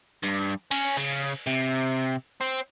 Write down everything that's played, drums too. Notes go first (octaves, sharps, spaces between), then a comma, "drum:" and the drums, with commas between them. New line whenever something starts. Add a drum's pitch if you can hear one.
G2
C#4, drum: cymbal
C#3
C3
C4